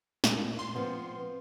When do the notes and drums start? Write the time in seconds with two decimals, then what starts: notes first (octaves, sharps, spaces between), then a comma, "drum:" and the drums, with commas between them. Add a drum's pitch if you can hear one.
0.24 A#2, drum: snare
0.59 C6
0.75 F3 B3 C4